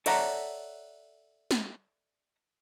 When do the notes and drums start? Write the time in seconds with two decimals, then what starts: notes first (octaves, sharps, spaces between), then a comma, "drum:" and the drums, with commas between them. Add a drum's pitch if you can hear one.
0.06 A4 C#5 D5 E5 F#5 A#5, drum: cymbal
1.51 drum: snare